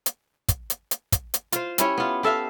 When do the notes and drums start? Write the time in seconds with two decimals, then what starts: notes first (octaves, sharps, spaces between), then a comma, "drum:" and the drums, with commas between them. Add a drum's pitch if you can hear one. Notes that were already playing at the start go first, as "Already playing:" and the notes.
0.06 drum: hi-hat
0.48 drum: kick, hi-hat
0.70 drum: hi-hat
0.91 drum: hi-hat
1.12 drum: kick, hi-hat
1.34 drum: hi-hat
1.52 F4 C5, drum: hi-hat
1.78 C#4 E4 G4 C#5, drum: hi-hat
1.98 B3 F4
2.23 G4 A4 E5 F5